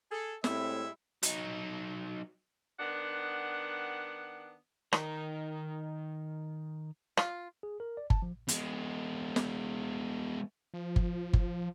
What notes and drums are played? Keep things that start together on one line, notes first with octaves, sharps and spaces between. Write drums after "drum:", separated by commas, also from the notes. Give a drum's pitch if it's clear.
G#4 A4
A2 G3 G#3 C4 E4 E5, drum: snare
F#3 D#4, drum: hi-hat
D#3 B3 D4 F#5
D#3 A#4, drum: rim click
F4, drum: rim click
G#4
A#4
D5
A5, drum: kick G1
F3
G#3 B3, drum: hi-hat
drum: snare
F3
drum: kick G1
drum: kick G1